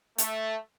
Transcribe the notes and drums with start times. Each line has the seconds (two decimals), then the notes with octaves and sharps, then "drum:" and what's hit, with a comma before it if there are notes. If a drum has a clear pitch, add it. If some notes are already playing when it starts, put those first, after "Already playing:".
0.18 A3, drum: hi-hat